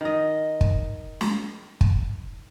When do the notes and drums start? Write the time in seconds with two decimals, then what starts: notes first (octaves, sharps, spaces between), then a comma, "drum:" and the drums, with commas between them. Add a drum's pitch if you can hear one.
0.01 D#3 D#5
0.61 drum: kick
1.21 drum: snare
1.81 drum: kick